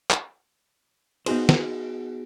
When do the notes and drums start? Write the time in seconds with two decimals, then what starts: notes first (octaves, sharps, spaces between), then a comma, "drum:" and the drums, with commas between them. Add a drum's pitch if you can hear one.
0.10 drum: clap
1.26 B3 D#4 F#4 G#4 C5, drum: cymbal
1.49 drum: snare